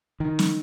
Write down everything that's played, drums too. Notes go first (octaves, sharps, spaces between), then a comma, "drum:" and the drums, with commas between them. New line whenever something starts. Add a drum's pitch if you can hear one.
D#3
drum: snare